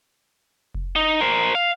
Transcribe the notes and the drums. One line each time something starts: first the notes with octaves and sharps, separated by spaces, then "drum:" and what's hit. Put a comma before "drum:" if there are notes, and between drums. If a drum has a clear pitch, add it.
drum: kick F1
D#4
A#4 C5
F5